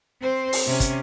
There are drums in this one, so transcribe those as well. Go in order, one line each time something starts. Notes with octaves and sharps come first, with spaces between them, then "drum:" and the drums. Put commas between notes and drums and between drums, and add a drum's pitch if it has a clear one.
C4 C5
drum: open hi-hat
C3 C#4
drum: kick, hi-hat